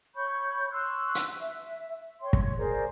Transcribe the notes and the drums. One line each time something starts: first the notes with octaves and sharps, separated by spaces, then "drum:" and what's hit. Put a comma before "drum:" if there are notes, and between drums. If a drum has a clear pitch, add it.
C#5 B5 C#6 G6
C6 C#6 E6 F#6
drum: hi-hat
E5
C#5 G5 C6
drum: kick
C#5 G#6
G#4 A#4 C5 D5